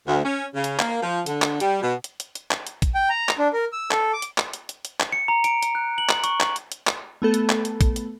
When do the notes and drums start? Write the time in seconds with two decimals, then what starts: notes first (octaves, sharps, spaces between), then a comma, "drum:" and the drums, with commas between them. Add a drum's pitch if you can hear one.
0.07 D2
0.24 C#4
0.55 C#3
0.64 drum: hi-hat
0.79 A#3, drum: clap
1.02 F3
1.26 D3, drum: hi-hat
1.42 drum: clap
1.60 G3, drum: hi-hat
1.82 B2
2.04 drum: hi-hat
2.20 drum: hi-hat
2.35 drum: hi-hat
2.51 drum: clap
2.67 drum: hi-hat
2.82 drum: kick, hi-hat
2.95 G5
3.09 A#5
3.29 drum: clap
3.39 D4
3.53 A#4
3.72 E6
3.91 A4, drum: clap
4.13 D6
4.22 drum: hi-hat
4.38 drum: clap
4.53 drum: hi-hat
4.69 drum: hi-hat
4.85 drum: hi-hat
5.00 drum: clap
5.12 C#7
5.28 A#5
5.44 D7, drum: hi-hat
5.63 drum: hi-hat
5.75 F#6
5.98 F#7
6.09 drum: clap
6.24 C#6, drum: hi-hat
6.40 drum: clap
6.56 drum: hi-hat
6.72 drum: hi-hat
6.87 drum: clap
7.22 A3 B3 A4
7.34 drum: hi-hat
7.49 drum: clap
7.65 drum: hi-hat
7.81 drum: kick, hi-hat
7.96 drum: hi-hat